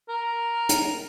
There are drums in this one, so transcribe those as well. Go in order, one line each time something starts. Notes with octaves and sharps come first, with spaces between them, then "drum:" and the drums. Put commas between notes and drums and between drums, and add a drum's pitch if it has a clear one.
A#4
drum: hi-hat